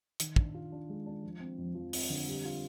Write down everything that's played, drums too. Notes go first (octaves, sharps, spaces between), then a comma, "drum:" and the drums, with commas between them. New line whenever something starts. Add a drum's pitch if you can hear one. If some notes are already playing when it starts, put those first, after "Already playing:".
D#3, drum: hi-hat
D4, drum: kick
F4
D4
G#3
D4
F3
C4
F2
F3
C4, drum: open hi-hat
D3
G3
F4